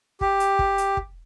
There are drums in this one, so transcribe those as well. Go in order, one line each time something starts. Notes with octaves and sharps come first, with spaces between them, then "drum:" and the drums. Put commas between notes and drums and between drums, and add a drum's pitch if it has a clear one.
G4, drum: kick
drum: hi-hat
drum: kick
drum: hi-hat
drum: kick